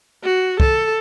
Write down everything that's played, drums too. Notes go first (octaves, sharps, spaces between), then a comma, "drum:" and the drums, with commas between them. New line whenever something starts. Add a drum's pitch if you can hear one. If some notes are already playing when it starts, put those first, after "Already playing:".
F#4
A4, drum: kick